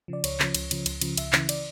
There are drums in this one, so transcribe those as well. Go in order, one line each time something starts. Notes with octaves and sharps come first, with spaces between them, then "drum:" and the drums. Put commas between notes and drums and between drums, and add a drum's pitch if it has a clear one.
C#3 F3 D5
C#2 C#5, drum: cymbal
C#3 F3, drum: clap
C#2, drum: cymbal
C#3 F3, drum: cymbal
C#2, drum: cymbal
C#3 F3, drum: cymbal
C#2 E5, drum: cymbal
C#3 E3, drum: clap
D5, drum: cymbal